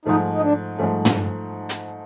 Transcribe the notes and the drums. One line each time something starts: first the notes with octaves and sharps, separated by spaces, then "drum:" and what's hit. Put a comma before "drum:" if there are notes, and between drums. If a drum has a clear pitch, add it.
G#2 F3 A3 D#4
D#4
D4
G#2 F3 A3 C#4
drum: tom
drum: hi-hat